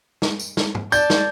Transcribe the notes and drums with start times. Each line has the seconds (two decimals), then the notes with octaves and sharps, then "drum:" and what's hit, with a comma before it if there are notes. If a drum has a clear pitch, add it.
0.22 drum: snare
0.40 drum: tambourine
0.57 drum: snare
0.75 drum: tom
0.92 D5 A5 G6, drum: tambourine
1.10 drum: snare